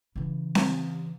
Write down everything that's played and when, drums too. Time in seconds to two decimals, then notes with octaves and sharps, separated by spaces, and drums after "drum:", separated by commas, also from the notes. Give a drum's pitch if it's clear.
0.16 C#3 E3
0.55 drum: snare C4